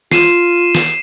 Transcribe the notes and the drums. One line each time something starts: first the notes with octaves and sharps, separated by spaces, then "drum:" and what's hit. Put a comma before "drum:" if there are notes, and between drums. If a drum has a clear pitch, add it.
F4 C7 D#7 E7, drum: snare
drum: snare